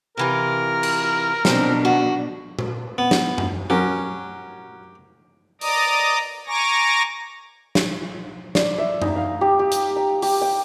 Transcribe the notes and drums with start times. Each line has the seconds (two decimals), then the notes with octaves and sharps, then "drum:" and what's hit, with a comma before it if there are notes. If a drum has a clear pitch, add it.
0.17 C3 E3 F4 A#4
0.83 drum: cymbal
1.45 B2 F3 C4 D4, drum: snare
1.85 D#3 F#4
2.59 drum: tom A#2
2.98 B3
3.11 drum: snare
3.38 drum: tom
3.70 F#3 C#4 G4 A#4
5.61 D5 D#5 A#5 D6 D#6, drum: open hi-hat
6.47 G#5 A#5 C#6 D6 A#6
7.75 drum: snare
8.55 D5, drum: snare
8.78 E5
9.02 D#4, drum: tom
9.16 F5
9.41 G4
9.59 G4
9.72 drum: hi-hat
9.96 A#5
10.22 G4, drum: open hi-hat
10.41 G5